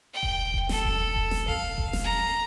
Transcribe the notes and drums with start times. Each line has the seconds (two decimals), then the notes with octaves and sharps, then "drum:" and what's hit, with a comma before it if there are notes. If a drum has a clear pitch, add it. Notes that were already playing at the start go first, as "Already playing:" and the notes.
0.14 G5
0.23 drum: kick E1
0.54 drum: kick E1
0.69 A4, drum: snare
0.85 drum: kick E1
1.16 drum: kick E1
1.31 drum: snare
1.48 F5, drum: kick E1
1.78 drum: kick E1
1.93 drum: snare
2.04 A#5